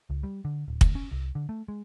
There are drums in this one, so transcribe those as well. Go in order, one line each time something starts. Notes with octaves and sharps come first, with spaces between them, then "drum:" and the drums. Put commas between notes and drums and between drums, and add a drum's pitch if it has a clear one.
C#2
G3
D3
D1
D2, drum: kick
C#4
C2
D3
A3
G#3